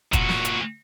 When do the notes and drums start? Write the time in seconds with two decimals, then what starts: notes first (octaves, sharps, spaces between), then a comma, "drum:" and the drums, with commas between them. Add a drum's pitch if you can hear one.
0.13 A#2 F#4, drum: kick, hi-hat
0.29 drum: snare
0.45 drum: hi-hat